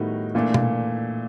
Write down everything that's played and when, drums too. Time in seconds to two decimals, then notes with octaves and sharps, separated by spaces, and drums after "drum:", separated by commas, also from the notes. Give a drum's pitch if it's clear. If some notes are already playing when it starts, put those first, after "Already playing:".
Already playing: A2 D#3 G3 B3 D#4 F#4
0.34 A#2 E3 A3 D4
0.54 A#2, drum: tom B2